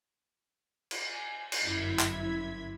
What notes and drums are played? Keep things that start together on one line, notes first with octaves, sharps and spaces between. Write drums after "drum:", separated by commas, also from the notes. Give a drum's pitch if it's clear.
drum: cymbal
G#5
drum: cymbal
G1 F#2 E4 G#6 B6
drum: clap